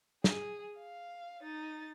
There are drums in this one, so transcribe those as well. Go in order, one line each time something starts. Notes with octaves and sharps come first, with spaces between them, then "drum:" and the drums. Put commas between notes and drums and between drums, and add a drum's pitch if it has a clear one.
G#4, drum: snare
F5
D#4 A6